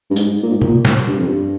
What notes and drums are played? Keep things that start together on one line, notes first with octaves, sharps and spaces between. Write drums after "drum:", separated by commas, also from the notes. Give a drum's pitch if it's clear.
G2
G#2, drum: tambourine
G#2
A#2
G#2
A#2, drum: tom
drum: snare
G2
F2
G2